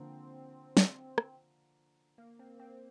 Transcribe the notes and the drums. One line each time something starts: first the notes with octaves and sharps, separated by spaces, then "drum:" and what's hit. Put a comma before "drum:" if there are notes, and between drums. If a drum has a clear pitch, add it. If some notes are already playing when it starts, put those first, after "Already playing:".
Already playing: D3 F3 A#3 C4
drum: snare
drum: rim click
A#3
C4
C4